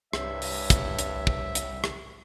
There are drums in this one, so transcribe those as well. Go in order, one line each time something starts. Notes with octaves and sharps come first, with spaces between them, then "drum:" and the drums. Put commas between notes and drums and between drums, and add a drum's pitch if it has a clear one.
C2 G2 C#5 E5, drum: rim click
drum: open hi-hat
drum: kick, hi-hat
drum: hi-hat
drum: kick
drum: hi-hat
drum: rim click